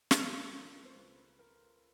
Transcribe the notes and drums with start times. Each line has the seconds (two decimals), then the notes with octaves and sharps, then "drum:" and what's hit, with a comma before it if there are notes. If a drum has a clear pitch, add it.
0.11 C#2 B4, drum: snare
0.19 A#4
0.27 A4
0.36 A#4
0.54 F3
0.85 C5
0.96 C#2 B4
1.39 F3 A#4